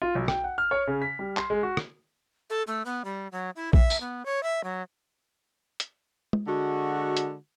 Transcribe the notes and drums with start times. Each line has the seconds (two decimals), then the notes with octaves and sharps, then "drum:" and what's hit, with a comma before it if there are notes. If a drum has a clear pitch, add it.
0.02 F4
0.15 B1
0.28 G5, drum: rim click
0.44 F#5
0.58 F6
0.71 C#5
0.87 C#3
1.02 B6
1.19 G3
1.37 C6, drum: clap
1.50 G#3
1.63 F#4
1.77 drum: rim click
2.50 A4
2.67 A3
2.85 B3
3.05 G3
3.32 F#3
3.56 E4
3.73 E5, drum: kick
3.90 drum: tambourine
4.01 B3
4.26 C#5
4.43 E5
4.64 F#3
5.80 drum: hi-hat
6.33 drum: tom
6.47 D3 G#3 F#4
7.17 drum: hi-hat